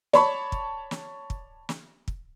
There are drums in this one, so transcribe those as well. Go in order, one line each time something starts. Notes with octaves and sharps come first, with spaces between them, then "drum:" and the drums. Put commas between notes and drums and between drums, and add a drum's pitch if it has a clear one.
C#5 D5 A5 B5 C#6, drum: snare
drum: kick
drum: snare
drum: kick
drum: snare
drum: kick